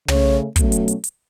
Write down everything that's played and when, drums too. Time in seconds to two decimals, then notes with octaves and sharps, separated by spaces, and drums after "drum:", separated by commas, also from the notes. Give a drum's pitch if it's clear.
0.08 C#3 A3 C#4 C#5, drum: tom
0.56 B2 F#3 A3 C#4, drum: kick, hi-hat
0.72 drum: hi-hat
0.88 drum: hi-hat
1.04 drum: hi-hat